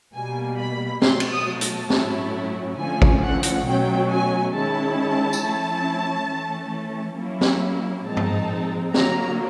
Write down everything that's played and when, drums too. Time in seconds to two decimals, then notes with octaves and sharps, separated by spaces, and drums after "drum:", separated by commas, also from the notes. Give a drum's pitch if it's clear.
0.14 B2 G3 A#3 G#5
0.58 B5
1.02 B2 F#3 A3 C6, drum: snare
1.20 drum: cymbal
1.31 D#6
1.61 A5, drum: hi-hat
1.90 A2 F#3 A3 C#4 E4, drum: snare
2.78 D3 F3 A3 C#4 G#5
3.02 drum: kick
3.23 F#5
3.43 drum: hi-hat
3.66 B2 F#3 A3 C#4 G5
4.10 G#5
4.55 D#3 G#3 C#4 E4 A5
5.33 drum: tambourine
5.43 F3 A3 C#4 E4
6.30 E3 A3 C#4
7.18 F#3 A#3 C#4 E4
7.41 drum: snare
8.07 A#2 F3 G#3 C4 D#4 A5
8.17 drum: tom G2
8.94 D3 F#3 A#3 A#5, drum: snare